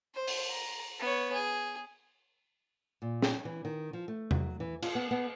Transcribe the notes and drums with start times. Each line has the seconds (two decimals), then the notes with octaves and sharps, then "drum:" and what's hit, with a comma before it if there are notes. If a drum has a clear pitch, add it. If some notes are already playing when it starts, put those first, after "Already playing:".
0.15 C5
0.28 drum: open hi-hat
0.51 A#5
1.00 B3 C#5
1.32 G#4
3.02 A#2
3.22 drum: snare
3.45 E3
3.65 D#3
3.93 F3
4.08 A3
4.31 F#3, drum: tom
4.60 E3
4.82 F4, drum: cymbal
4.95 B3
5.11 B3